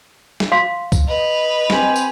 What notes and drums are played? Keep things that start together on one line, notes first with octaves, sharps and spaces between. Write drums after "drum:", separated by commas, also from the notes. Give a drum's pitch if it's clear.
drum: snare
F5 C6
drum: kick C#2, tambourine
B4 D#5 F7
C4 G4 G#5, drum: snare
drum: tambourine